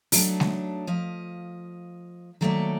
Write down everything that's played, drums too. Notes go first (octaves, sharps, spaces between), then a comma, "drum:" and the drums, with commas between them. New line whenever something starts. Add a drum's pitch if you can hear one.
F#3 A3 D4 D#4, drum: open hi-hat
drum: snare G#3
F3 D#5 F5
D#3 F#3 A3 A#3 C#5 D5